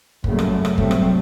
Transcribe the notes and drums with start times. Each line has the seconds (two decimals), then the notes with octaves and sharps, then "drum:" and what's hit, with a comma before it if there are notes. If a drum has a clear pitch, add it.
0.24 F#2 C#3 G3 A3 A#3, drum: kick
0.39 drum: rim click
0.65 drum: rim click
0.78 C3 F#3 G3 A3 C4, drum: kick
0.91 drum: rim click